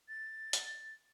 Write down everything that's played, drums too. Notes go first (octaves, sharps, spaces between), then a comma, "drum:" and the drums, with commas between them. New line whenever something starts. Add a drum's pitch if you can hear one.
A6
drum: hi-hat